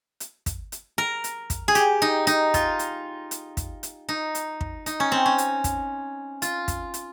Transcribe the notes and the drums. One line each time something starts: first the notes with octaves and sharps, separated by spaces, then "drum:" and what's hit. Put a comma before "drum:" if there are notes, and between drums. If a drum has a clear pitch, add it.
drum: hi-hat
drum: kick, hi-hat
drum: hi-hat
A#4
drum: hi-hat
drum: kick, hi-hat
G#4
G4, drum: hi-hat
D#4
D#4, drum: hi-hat
F4, drum: kick, hi-hat
drum: hi-hat
drum: hi-hat
drum: kick, hi-hat
drum: hi-hat
D#4
drum: hi-hat
drum: kick
D#4, drum: hi-hat
C#4
C4
C#4
drum: hi-hat
drum: kick, hi-hat
F4, drum: hi-hat
drum: kick, hi-hat
drum: hi-hat